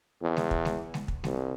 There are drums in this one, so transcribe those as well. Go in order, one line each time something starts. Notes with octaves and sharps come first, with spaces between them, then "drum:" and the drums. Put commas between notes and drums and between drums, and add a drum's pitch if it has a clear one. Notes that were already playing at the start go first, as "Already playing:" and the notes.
E2
drum: snare G#3
drum: kick
drum: snare G#3
drum: snare G#3
drum: kick
C2, drum: snare G#3